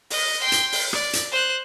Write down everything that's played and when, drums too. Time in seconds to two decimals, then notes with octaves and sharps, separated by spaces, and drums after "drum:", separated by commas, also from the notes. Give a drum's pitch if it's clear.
0.10 D#5, drum: open hi-hat
0.40 G5 C6
0.52 drum: hi-hat
0.72 drum: open hi-hat
0.93 D5, drum: rim click
1.13 drum: hi-hat
1.31 C5 F#6